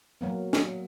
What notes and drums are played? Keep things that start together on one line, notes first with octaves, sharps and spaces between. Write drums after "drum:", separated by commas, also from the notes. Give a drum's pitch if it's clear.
F#3 A#3 B3
drum: snare